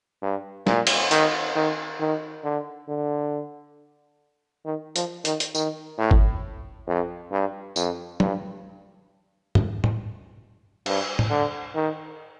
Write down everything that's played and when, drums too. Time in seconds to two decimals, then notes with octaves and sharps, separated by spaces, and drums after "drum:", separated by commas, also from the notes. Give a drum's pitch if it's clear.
0.22 G2
0.67 A#2, drum: snare
0.87 drum: cymbal
1.11 D#3, drum: hi-hat
1.56 D#3
2.00 D#3
2.44 D3
2.88 D3
4.65 D#3
4.96 F3, drum: hi-hat
5.25 D#3, drum: hi-hat
5.40 drum: hi-hat
5.55 D#3, drum: tambourine
5.98 A2
6.11 drum: kick G1
6.87 F2
7.32 G2
7.76 F2, drum: tambourine
8.20 G2, drum: tom
9.55 drum: tom
9.84 drum: tom A2
10.86 G2, drum: cymbal
11.19 drum: tom A2
11.30 D3
11.75 D#3